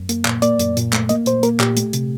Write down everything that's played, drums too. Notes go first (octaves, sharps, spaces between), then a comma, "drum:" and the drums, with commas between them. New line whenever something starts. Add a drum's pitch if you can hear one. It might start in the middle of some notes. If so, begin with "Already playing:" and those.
Already playing: F#2
A#3, drum: hi-hat
A#2, drum: clap
A#3 D5, drum: hi-hat
F#2, drum: hi-hat
A#2, drum: hi-hat
A3, drum: clap
A#3 D#5, drum: hi-hat
A#2 C5, drum: hi-hat
A#3 A#4, drum: hi-hat
A#2 G4, drum: clap
A3, drum: hi-hat
C3, drum: hi-hat